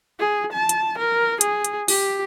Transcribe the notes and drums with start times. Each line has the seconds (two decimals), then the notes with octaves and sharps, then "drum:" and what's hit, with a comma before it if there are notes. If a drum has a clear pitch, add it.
0.19 G#4
0.53 A5
0.69 drum: hi-hat
0.98 A#4
1.41 G#4, drum: hi-hat
1.65 drum: hi-hat
1.88 G4, drum: open hi-hat